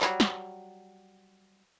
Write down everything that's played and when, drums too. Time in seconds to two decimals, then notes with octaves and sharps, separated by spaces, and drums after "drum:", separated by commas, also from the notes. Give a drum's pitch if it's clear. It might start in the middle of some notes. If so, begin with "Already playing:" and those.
0.01 F#3 G3, drum: clap
0.20 drum: snare